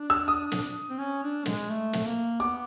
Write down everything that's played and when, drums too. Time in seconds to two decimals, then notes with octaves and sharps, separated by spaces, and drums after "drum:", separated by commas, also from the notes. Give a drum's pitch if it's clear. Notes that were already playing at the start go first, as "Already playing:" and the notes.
Already playing: D4
0.10 E6
0.28 D#6
0.52 drum: snare
0.90 C4
0.99 C#4
1.23 D4
1.46 G#3, drum: snare
1.70 A3
1.93 drum: snare
2.05 A#3
2.40 B3 D6